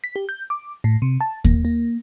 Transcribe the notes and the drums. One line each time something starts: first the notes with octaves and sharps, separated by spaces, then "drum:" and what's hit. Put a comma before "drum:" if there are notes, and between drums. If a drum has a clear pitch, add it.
B6
G4
G6
D6
A2
C3
A5
A#3, drum: kick D#2
A#3